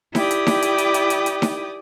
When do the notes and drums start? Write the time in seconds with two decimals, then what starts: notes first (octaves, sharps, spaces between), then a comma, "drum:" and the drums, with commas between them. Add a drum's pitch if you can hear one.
0.15 E4 G4 D5 G5 D#6, drum: snare D#4
0.31 drum: hi-hat
0.47 drum: snare D#4
0.62 drum: hi-hat
0.78 drum: hi-hat
0.94 drum: hi-hat
1.10 drum: hi-hat
1.26 drum: hi-hat
1.42 drum: snare D#4